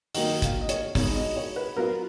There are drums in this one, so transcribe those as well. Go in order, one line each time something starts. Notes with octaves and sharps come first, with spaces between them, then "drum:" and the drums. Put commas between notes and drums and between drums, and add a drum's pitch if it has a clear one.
D#3 F#3 A#3 D#4 D#5, drum: open hi-hat
F5, drum: kick, hi-hat
D#5
C#5, drum: hi-hat
B2 G#3 D#4 C#5, drum: kick, open hi-hat
D#5
C#5
B4
F#3 B3 F4 A#4